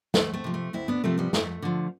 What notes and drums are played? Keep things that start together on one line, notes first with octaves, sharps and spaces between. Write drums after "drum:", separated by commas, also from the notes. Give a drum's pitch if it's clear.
D2 A3, drum: snare
A3 C4
C3 F3
A3
D2 C4 E4
B3 D4
C3 F3 A3 C4
G3 B3
F2 A3, drum: snare
D3 F3